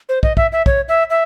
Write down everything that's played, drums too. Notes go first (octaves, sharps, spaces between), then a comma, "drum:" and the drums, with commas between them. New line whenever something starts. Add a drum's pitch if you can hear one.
C5
D#5, drum: kick
E5, drum: kick
E5
C#5, drum: kick
E5
E5